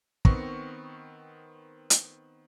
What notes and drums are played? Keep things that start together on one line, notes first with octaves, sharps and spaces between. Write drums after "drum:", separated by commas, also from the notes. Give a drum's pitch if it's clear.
D#3 B3 C4 C#6 A#6, drum: kick
drum: hi-hat